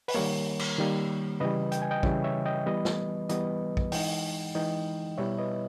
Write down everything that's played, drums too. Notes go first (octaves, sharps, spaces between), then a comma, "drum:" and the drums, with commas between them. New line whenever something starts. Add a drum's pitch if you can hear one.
B4, drum: open hi-hat
D#3 G3 A#3 A#4 C#5
drum: cymbal
D#3 G3 A#3
C#3 E3 G3 B4 D#5
G5, drum: hi-hat
G#5
D#5 G5
C#3 E3 G3 C#5 E5, drum: kick A#1
C#5 E5
D#5 G5
E3 G3 B3 B4 D#5
drum: snare
E3 G3 B3 B4 D#5, drum: hi-hat
drum: kick A#1
E3 G#3 D#4 D#5 G5, drum: open hi-hat
E3 G#3 D#4 D#5 G5
B2 G3 B3 E4 C#5 E5
B4 D#5